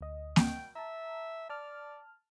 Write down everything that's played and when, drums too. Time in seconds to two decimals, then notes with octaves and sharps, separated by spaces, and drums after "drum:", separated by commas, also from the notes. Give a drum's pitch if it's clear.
0.01 D2 D#5
0.36 G5, drum: snare A#3
0.75 E5 A5 A#5
1.49 D5 A5 F6